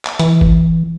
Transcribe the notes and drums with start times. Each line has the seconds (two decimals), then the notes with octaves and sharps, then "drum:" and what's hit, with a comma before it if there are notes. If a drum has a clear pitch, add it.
0.05 drum: clap
0.19 E3, drum: hi-hat
0.41 drum: kick F#1